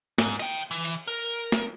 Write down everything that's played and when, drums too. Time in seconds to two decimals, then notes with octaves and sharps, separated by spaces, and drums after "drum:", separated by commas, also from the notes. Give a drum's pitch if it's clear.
0.18 G#2, drum: snare
0.39 D#5 G5, drum: cymbal
0.71 E3
0.85 drum: cymbal
1.08 A#4
1.52 drum: snare